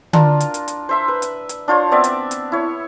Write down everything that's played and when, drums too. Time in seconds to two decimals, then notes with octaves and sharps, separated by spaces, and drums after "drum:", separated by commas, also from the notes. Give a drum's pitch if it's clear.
0.13 D4 F4 A#4, drum: tom D3
0.40 drum: hi-hat
0.54 drum: hi-hat
0.68 drum: hi-hat
0.89 C5 E5 C6
1.08 B4
1.22 drum: hi-hat
1.49 drum: hi-hat
1.68 D4 F4 C5 C#5
1.91 B3 C4 D5 E5
2.04 drum: hi-hat
2.31 drum: hi-hat
2.52 E4 C#5